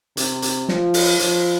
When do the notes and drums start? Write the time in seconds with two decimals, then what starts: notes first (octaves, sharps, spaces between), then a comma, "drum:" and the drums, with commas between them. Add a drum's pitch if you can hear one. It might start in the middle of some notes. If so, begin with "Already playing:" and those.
0.17 C3, drum: hi-hat
0.42 drum: hi-hat
0.69 F3, drum: snare
0.94 drum: open hi-hat
1.19 F3, drum: hi-hat